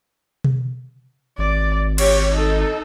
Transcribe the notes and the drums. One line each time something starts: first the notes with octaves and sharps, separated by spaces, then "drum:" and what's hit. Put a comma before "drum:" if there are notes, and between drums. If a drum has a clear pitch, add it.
drum: tom B2
G#1 D5
G4 C#5, drum: cymbal
D#4 A4